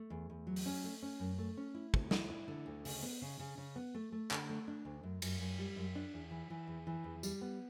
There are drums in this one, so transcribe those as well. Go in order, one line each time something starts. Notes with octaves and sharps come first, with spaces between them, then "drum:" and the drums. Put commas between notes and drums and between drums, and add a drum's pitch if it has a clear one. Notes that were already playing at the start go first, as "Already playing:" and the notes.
Already playing: A3
E2
E2
F#3
drum: open hi-hat
C#4
A3
C#4
F#2
A3
C#4
E4
D2, drum: kick
E4, drum: snare
E4
D3
D2
C#3, drum: open hi-hat
B3
C#3
C#3
C#3
B3
A3
A3
D3, drum: clap
A3
D4
D2
F#2
F#2, drum: cymbal
F#2
G3
F#2
D4
E2
E3
E3
E2
E3
E2
G3, drum: tambourine
B3